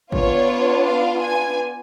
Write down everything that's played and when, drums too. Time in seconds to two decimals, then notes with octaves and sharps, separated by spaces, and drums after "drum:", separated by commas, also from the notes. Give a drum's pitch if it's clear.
0.12 B3 D4 F4 C#5, drum: kick
0.85 F5
1.21 G#5